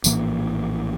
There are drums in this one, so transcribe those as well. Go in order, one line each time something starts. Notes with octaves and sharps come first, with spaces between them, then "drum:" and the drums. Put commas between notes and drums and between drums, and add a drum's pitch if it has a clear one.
A#1 A2 E3 A#3, drum: tambourine